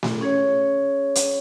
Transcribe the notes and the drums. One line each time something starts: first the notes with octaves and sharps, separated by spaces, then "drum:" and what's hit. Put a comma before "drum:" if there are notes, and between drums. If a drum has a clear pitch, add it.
drum: snare A3
C#4 G#4 C#5
drum: hi-hat